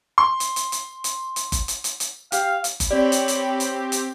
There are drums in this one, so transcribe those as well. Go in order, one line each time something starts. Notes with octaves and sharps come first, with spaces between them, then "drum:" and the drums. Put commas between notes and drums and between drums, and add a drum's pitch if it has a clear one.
C6
drum: hi-hat
drum: hi-hat
drum: hi-hat
drum: hi-hat
drum: hi-hat
drum: kick F#1, hi-hat
drum: hi-hat
drum: hi-hat
drum: hi-hat
G4 F5, drum: hi-hat
drum: hi-hat
drum: kick F#1, hi-hat
C4 G4 C#5 D5 B5
drum: hi-hat
drum: hi-hat
drum: hi-hat
drum: hi-hat